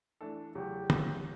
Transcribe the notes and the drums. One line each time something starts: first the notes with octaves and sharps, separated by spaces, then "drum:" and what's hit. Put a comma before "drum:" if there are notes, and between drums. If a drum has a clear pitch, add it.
E3 A3 D4 A4
E2 C#3 F#3 G4
E2 C#3 F#3, drum: tom